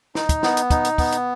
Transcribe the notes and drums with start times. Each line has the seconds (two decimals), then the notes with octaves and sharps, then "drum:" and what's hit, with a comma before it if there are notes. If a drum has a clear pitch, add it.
0.15 D#4, drum: snare
0.29 drum: kick, hi-hat
0.43 B3, drum: snare
0.57 drum: hi-hat
0.70 D#4, drum: kick, hi-hat
0.85 drum: hi-hat
0.98 B3, drum: kick, open hi-hat
1.12 drum: hi-hat